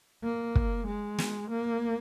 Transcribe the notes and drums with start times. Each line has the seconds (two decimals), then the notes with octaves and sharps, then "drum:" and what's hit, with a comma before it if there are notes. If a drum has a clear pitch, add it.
0.24 A#3
0.55 drum: kick
0.87 G#3
1.18 drum: snare
1.50 A#3